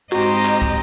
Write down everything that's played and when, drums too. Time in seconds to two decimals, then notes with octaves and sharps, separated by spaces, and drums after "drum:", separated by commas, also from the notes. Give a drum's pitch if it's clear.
0.12 G#2 C4 F#4 G4 D#5 A#5, drum: clap
0.45 drum: clap
0.62 drum: kick